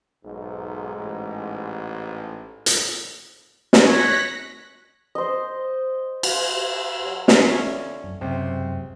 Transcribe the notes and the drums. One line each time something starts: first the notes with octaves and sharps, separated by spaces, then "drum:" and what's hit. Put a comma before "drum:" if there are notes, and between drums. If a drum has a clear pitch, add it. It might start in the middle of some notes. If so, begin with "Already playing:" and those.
B1 G#2
A1
drum: hi-hat
drum: snare
C#5 F#6 A#6 B6
C5 D#5
drum: cymbal
F#3
C3 E5 F5, drum: snare
D3 C#4
F#2
C#2 F#2 C3 C4